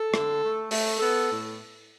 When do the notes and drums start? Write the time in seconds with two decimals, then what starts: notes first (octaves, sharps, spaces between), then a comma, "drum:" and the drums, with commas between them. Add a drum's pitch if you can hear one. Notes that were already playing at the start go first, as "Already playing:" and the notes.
Already playing: A4
0.14 D3, drum: rim click
0.42 A3
0.71 A3, drum: open hi-hat
1.00 B3 A4
1.28 A2